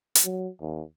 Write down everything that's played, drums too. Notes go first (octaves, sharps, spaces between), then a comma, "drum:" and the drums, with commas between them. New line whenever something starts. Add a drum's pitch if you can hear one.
drum: hi-hat
F#3
D#2